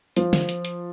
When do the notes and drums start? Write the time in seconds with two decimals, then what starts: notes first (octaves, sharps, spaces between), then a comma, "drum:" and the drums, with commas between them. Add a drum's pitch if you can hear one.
0.17 F3, drum: hi-hat
0.33 drum: snare
0.49 drum: hi-hat
0.65 drum: hi-hat